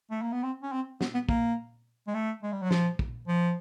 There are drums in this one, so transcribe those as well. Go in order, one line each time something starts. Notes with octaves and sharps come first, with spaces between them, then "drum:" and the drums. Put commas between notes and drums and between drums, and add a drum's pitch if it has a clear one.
A3
A#3
B3
C4
C#4
C4
B3, drum: snare
B3
A#3, drum: kick
G#3
A3
G#3
G3
F#3
F3, drum: snare
drum: kick
F3